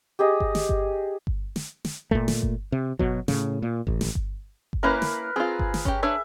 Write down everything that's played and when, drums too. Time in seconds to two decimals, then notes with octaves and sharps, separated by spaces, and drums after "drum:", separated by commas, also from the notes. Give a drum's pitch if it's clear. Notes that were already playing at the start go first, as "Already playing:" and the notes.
0.19 G4 G#4 D#5
0.40 drum: kick G1
0.55 drum: snare
0.69 drum: kick G1
1.27 drum: kick G1
1.56 drum: snare
1.85 drum: snare
2.11 A#2 A3, drum: kick G1
2.28 drum: snare
2.42 drum: kick G1
2.72 C3
2.99 B2 F#3, drum: kick G1
3.28 A2 C#3, drum: snare
3.62 A#2
3.87 A1, drum: kick G1
4.01 drum: snare
4.15 drum: kick G1
4.73 drum: kick G1
4.83 A#3 C#4 E4 A#4 B4
5.02 drum: snare
5.36 C4 F4 G#4
5.59 drum: kick G1
5.74 drum: snare
5.85 C#4 G4, drum: kick G1
6.03 D4 B4 C#5 E5